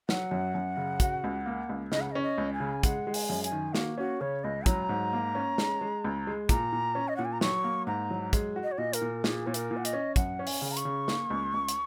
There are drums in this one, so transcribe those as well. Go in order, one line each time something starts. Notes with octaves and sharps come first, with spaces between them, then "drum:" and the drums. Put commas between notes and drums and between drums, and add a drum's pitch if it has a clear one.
F#3 F#5, drum: snare
F#2
F#2
C#3
F#4, drum: kick, hi-hat
C#2
A#3
C#2
C#3 D#5, drum: snare
F#5
D#5
C#4
D#5
C#2
G#5
C#3
G#3 F#5, drum: kick, hi-hat
G#3
G#5, drum: open hi-hat
F#2
G#5, drum: hi-hat
D#3
A#3 F#4, drum: snare
C#4 F#4
C#3 C#5
C#2 D#5
F#3 A#5, drum: kick, hi-hat
G#2
A#3
C#4
G#3, drum: snare
G#3
C#2
G#3
A#2 A#5, drum: kick, hi-hat
A#2
C#4
D#5
A#2 F#5
G#5
A#5
F#3 C#6, drum: snare
A#3
G#2 A#5
F#3
G#3, drum: kick, hi-hat
F#4
D#5
C#5
A#2 D#5
A#4, drum: hi-hat
A#2
A#2 G#4, drum: snare
A#2 C#5
A#4, drum: hi-hat
A#2
F#5
D#5, drum: hi-hat
C#4
F#2 F#5, drum: kick, hi-hat
C#4
G#5, drum: open hi-hat
C#3
A#5
C#6, drum: hi-hat
C#3
A#3, drum: snare
C#2
C#2
drum: hi-hat